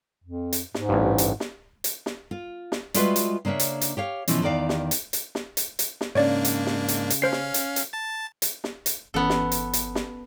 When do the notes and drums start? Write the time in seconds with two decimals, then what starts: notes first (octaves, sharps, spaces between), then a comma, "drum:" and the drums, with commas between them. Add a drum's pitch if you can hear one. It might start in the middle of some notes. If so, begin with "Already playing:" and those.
0.24 F2
0.53 drum: hi-hat
0.74 G#2, drum: snare
0.89 A1 G2
1.18 drum: hi-hat
1.40 drum: snare
1.84 drum: hi-hat
2.06 drum: snare
2.31 F4
2.72 drum: snare
2.94 G3 G#3 F4 F#4 B4 E5, drum: hi-hat
3.16 drum: hi-hat
3.45 C#3 A#3 D4 C#5 E5
3.60 drum: hi-hat
3.81 drum: hi-hat
3.97 G4 C#5 F5
4.28 B2 E3 F3 C#4, drum: hi-hat
4.42 E2 D#3 D5 F5
4.69 drum: snare
4.91 drum: hi-hat
5.13 drum: hi-hat
5.35 drum: snare
5.57 drum: hi-hat
5.79 drum: hi-hat
6.01 drum: snare
6.15 G#2 C#3 A#3 D4 C#5 D5
6.45 drum: hi-hat
6.66 drum: snare
6.88 drum: hi-hat
7.10 drum: hi-hat
7.22 C#4 C5 F5 C7
7.32 drum: snare
7.54 drum: hi-hat
7.76 drum: hi-hat
7.93 A5 A6
8.42 drum: hi-hat
8.64 drum: snare
8.86 drum: hi-hat
9.14 G1 E3 B3 C#4 A4
9.30 drum: snare
9.52 drum: hi-hat
9.73 drum: hi-hat
9.95 drum: snare